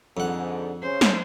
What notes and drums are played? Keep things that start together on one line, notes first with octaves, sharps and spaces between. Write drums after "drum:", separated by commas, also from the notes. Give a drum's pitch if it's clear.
F2 G#2 D3 F#5
C#3 C#4 C5
drum: snare